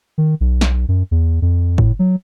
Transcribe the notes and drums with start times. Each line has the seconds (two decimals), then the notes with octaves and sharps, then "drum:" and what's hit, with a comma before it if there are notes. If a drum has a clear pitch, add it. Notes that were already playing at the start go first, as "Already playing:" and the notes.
0.18 D#3
0.41 B1
0.61 drum: snare
0.88 F#2
1.11 E2
1.42 F2
1.78 A2, drum: kick F#1
1.99 F#3